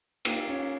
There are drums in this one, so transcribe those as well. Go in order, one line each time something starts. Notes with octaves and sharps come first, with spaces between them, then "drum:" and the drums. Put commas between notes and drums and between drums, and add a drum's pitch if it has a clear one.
A#3, drum: cymbal
C#4